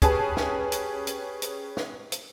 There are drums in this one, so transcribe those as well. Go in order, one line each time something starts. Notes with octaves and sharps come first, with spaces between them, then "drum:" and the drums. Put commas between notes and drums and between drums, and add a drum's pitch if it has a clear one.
C#4 G4 G#4 B4 G#5 A5, drum: kick, hi-hat
drum: snare
drum: hi-hat
drum: hi-hat
drum: hi-hat
drum: snare
drum: hi-hat